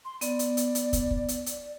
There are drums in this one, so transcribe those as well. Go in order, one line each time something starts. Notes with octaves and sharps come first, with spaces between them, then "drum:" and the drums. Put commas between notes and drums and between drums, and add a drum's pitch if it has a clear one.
C6
B3 D5, drum: hi-hat
drum: hi-hat
drum: hi-hat
drum: hi-hat
drum: kick, hi-hat
drum: kick
drum: hi-hat
drum: hi-hat